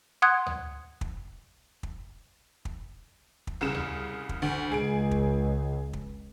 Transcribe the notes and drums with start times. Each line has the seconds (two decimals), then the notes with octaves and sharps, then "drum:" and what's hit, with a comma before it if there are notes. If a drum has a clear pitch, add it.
0.22 F#5 C6 D#6 F#6 G#6
0.46 drum: tom D2
1.01 drum: kick
1.83 drum: kick
2.65 drum: kick
3.47 drum: kick
3.61 C2 C#3 E7
3.75 drum: tom D2
4.29 drum: kick
4.42 D2
4.72 C#2 G#4 D7
5.11 drum: kick
5.93 drum: kick